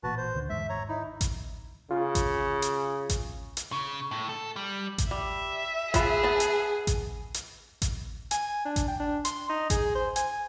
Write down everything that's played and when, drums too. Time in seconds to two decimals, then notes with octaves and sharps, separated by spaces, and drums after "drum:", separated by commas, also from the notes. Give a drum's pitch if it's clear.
0.03 A1 A#2 F#4 B4 A5
0.17 C5
0.35 D2 D3 D#3
0.50 E2 G#2 G#3 E5
0.70 G#1 C#5 A#5
0.88 D#4 E4
1.21 drum: kick A1, hi-hat
1.91 C#3 F4
2.15 drum: kick A1, hi-hat
2.62 drum: hi-hat
3.09 drum: kick A1, hi-hat
3.57 drum: hi-hat
3.72 C#3
4.11 A2
4.29 A4
4.56 G3
4.98 drum: kick A1, hi-hat
5.11 G3 E5
5.94 F3 B3 G#4 B5, drum: kick A1, hi-hat
6.23 B3 A5
6.40 drum: hi-hat
6.87 drum: kick A1, hi-hat
7.34 drum: hi-hat
7.82 drum: kick A1, hi-hat
8.31 G#5, drum: hi-hat
8.65 D4
8.76 drum: kick A1, hi-hat
8.88 G5
9.00 D4
9.25 C6, drum: hi-hat
9.49 D#4
9.70 G#4, drum: kick A1, hi-hat
9.95 C5
10.16 G#5, drum: hi-hat